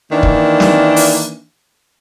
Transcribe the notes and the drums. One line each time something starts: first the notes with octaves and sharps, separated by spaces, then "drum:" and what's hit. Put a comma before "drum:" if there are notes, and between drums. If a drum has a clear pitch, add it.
D#3 E3 A#3 D4
drum: kick
drum: snare
drum: open hi-hat